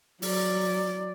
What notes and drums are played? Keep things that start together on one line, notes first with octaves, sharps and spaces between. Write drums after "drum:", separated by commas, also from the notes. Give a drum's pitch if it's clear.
F#3 D5, drum: open hi-hat